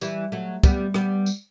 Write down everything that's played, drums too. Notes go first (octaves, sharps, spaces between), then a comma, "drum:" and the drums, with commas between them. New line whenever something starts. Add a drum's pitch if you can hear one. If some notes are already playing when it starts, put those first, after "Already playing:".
E3 G3, drum: tambourine
F#3 A3
G3 B3, drum: kick, tambourine
G3 B3, drum: rim click
drum: tambourine